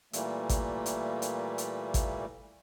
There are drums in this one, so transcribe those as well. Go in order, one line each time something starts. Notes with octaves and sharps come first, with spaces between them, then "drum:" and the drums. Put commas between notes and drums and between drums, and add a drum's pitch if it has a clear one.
A#2 E3 G3 A3 A#3, drum: hi-hat
drum: kick, hi-hat
drum: hi-hat
drum: hi-hat
drum: hi-hat
drum: kick, hi-hat